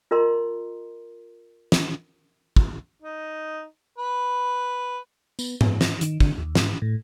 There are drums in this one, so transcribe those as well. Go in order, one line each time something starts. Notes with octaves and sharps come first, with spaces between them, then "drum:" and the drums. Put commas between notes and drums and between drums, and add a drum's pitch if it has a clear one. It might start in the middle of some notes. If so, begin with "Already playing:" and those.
F4 A#4 D#5 A#5 C6
drum: snare
drum: kick
D#4
B4
B3, drum: tambourine
B3, drum: tom G#2
A#6, drum: snare
D#3, drum: hi-hat
D3, drum: kick
D#2
G#2, drum: snare
A2